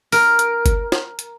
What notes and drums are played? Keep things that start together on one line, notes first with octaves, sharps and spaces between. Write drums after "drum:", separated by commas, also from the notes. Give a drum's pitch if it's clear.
A#4, drum: open hi-hat
drum: hi-hat
drum: kick G1, hi-hat
drum: snare
drum: hi-hat